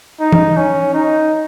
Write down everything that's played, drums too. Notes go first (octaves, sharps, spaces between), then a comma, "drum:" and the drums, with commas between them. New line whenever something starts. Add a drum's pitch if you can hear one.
D#4
drum: tom
C#4
D#4